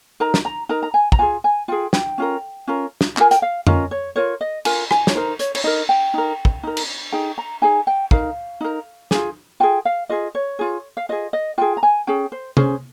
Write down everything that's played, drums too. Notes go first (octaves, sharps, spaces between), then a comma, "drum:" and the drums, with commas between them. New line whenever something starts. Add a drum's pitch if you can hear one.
D#4 A#4 A#5
drum: snare
A#5
D#4 A#4 A#5
A#5
G#5
A#5, drum: kick
F4 G#4 G#5
G#5
F4 G#4 G5
G5, drum: snare
C#4 F4 A#4
C#4 F4 A#4
drum: snare
C#4 F4 A#4 G#5, drum: clap
G5, drum: hi-hat
F5
C#4 F4 A#4 D#5, drum: tom F2
C#5
F4 A#4 C#5
D#5
F4 A#4 G#5, drum: cymbal
G#5, drum: rim click
C#5, drum: snare
D#4 A#4 C5
C#5, drum: hi-hat
C#5, drum: cymbal
D#4 A#4 D#5
G5
D#4 A#4
drum: kick
D#4 A#4
drum: cymbal
D#4 G#4 G5
A#5
D#4 G#4 G#5
G5
D#4 A#4 F5, drum: kick
D#4 A#4
F4 G#4, drum: snare
F4 G#4 G5
F5
F4 G#4 D#5
C#5
F4 G#4
F5
F4 G#4 D#5
D#5
F4 G#4 G5
A#5
G#5
C#4 G#4 G5
C5
C#4 G#4 C5, drum: tom